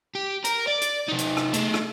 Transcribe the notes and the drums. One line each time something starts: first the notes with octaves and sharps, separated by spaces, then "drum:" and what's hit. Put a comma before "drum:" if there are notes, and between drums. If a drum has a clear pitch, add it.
G4
A#4, drum: hi-hat
D5
drum: hi-hat
C3 D#4
drum: hi-hat
drum: rim click
A3 G#4, drum: hi-hat
drum: rim click